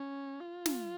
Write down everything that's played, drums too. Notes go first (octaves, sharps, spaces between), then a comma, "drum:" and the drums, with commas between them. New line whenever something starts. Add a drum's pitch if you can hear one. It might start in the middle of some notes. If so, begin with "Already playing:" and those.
Already playing: C#4
F4
drum: snare